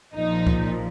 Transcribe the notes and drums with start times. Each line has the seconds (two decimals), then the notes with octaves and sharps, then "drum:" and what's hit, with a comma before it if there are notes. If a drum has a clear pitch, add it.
0.14 A#1 A#2 F3 D#4
0.47 drum: kick C#2